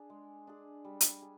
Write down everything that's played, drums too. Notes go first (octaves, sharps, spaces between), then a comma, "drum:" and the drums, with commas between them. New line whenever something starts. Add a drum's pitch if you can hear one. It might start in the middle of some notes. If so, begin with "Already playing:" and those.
Already playing: D4 G#4
G#3
D4 G#4
G3
drum: hi-hat
G#4